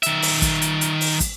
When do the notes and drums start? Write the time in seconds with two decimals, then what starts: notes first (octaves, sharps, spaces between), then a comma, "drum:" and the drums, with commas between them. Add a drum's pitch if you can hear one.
0.03 D#3 E5, drum: hi-hat
0.22 drum: open hi-hat
0.42 drum: kick, hi-hat
0.62 drum: hi-hat
0.81 drum: hi-hat
1.01 drum: open hi-hat
1.20 drum: kick, hi-hat